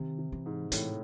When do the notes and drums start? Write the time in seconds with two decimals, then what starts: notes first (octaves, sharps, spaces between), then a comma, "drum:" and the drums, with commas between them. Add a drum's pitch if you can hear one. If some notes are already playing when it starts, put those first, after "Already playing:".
Already playing: C3 D#3
0.18 C3
0.32 E3
0.46 G#2
0.72 A2 E3, drum: hi-hat